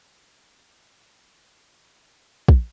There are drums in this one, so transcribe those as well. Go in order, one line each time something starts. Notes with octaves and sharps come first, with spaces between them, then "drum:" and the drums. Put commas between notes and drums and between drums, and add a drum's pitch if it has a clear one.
A3 B3 C4 D#5
drum: kick